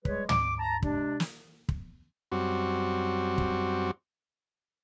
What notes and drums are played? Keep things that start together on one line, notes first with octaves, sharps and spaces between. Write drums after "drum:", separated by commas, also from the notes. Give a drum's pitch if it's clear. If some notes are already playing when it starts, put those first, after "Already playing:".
G3 G#3 G#4 B4 C#5, drum: kick
D6, drum: tom
A5 A#5
C3 G#3 D4, drum: kick
drum: snare
drum: kick
F#2 G3 C4 F#4
drum: kick